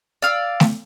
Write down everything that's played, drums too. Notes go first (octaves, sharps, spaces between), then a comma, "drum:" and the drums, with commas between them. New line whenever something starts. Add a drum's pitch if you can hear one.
D5 F5 E6
drum: snare A3